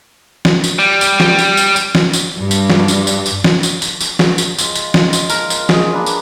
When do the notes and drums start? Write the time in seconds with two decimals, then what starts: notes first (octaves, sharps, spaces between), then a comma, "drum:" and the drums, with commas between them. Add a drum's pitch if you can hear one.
0.45 drum: snare
0.64 drum: tambourine
0.79 G3
1.01 drum: tambourine
1.20 drum: snare
1.39 drum: tambourine
1.57 drum: tambourine
1.76 drum: tambourine
1.95 drum: snare
2.13 drum: tambourine
2.36 G2
2.51 drum: tambourine
2.70 drum: snare
2.88 drum: tambourine
3.07 drum: tambourine
3.26 drum: tambourine
3.44 drum: snare
3.63 drum: tambourine
3.82 drum: tambourine
4.01 drum: tambourine
4.19 drum: snare
4.38 drum: tambourine
4.58 G#3 F4, drum: tambourine
4.75 drum: tambourine
4.94 drum: snare
5.13 drum: tambourine
5.30 A#4, drum: tambourine
5.50 drum: tambourine
5.69 G#4 D#5, drum: snare
5.93 A#3 D4 B4
6.06 drum: tambourine